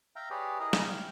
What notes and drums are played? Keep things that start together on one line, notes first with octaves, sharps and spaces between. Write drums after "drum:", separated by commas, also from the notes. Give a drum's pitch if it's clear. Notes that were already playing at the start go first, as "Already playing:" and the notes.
E5 F5 G5 A#5
G4 G#4 B4 C#5 D5
E4 G#4 A#4 D#5 A#5
drum: snare
F5 G5